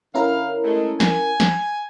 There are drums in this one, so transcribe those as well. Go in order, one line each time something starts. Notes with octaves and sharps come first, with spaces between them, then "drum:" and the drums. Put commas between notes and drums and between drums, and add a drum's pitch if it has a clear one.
D3 C#4 E4 A#4 F5
G#3 A3
G#5, drum: snare
drum: snare